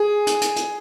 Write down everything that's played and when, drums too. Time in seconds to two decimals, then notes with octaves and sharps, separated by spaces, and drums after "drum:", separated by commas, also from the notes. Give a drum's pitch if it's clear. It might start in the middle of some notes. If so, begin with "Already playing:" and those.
Already playing: G#4
0.27 drum: hi-hat
0.41 drum: hi-hat
0.56 drum: hi-hat